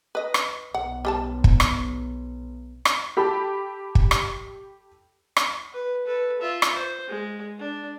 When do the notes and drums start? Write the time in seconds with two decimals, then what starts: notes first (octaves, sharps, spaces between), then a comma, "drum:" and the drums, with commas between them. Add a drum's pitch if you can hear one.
0.15 B4 D#5
0.34 drum: rim click
0.74 B1 F#5
1.05 G3 G#4 A5
1.44 drum: kick
1.60 drum: rim click
2.85 drum: rim click
3.17 G4 A4 A5 B5
3.95 drum: kick
4.11 drum: rim click
5.37 drum: rim click
5.73 B4
6.06 A4 B4
6.41 F4 E5
6.62 drum: rim click
6.73 C5
7.08 G#3
7.59 D4